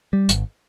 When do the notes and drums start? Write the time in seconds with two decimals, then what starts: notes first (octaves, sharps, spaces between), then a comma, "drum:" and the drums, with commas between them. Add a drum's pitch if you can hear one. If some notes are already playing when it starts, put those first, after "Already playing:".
0.13 G3
0.29 G#1, drum: hi-hat